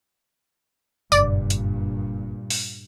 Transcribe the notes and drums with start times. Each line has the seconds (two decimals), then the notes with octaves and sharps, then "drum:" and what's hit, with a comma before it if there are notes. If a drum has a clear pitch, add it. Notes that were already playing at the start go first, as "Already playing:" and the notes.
1.12 F#1 G2 A#2 D5, drum: tambourine
1.50 drum: hi-hat
2.50 drum: open hi-hat